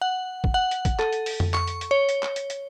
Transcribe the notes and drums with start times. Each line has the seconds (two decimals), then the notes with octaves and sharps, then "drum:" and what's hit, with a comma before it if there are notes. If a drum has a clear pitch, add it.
0.01 F#5
0.44 drum: kick
0.54 F#5
0.71 drum: hi-hat
0.85 drum: kick, hi-hat
0.99 A4, drum: clap
1.13 drum: hi-hat
1.26 drum: open hi-hat
1.40 drum: tom F2
1.54 C#6, drum: clap
1.67 drum: hi-hat
1.81 drum: hi-hat
1.91 C#5
2.09 drum: hi-hat
2.22 drum: clap
2.36 drum: hi-hat
2.50 drum: hi-hat